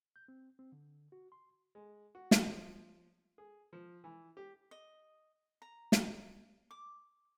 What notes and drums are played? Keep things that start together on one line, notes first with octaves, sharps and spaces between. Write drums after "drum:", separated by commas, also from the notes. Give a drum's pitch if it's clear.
G6
C4
C4
D3
F#4
C6
G#3
F#4
drum: snare
F3
G#4
F3
E3
G4
D#5
A#5
drum: snare
D6